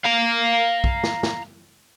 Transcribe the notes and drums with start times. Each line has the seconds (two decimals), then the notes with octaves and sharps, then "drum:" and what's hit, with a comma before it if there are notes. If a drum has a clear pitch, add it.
0.05 F5 A#5
0.84 drum: kick
1.04 drum: snare
1.23 drum: snare